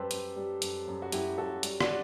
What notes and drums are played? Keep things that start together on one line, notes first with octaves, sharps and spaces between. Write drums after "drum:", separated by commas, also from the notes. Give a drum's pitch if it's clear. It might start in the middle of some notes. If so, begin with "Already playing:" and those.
Already playing: F#2 G3 G4 A4 B4 C5
F#2, drum: hi-hat
G3
F#2, drum: hi-hat
F#2
F#4
F#2 E4 G4, drum: hi-hat
F#2 F#4 A4
G3, drum: hi-hat
D4 F#4, drum: rim click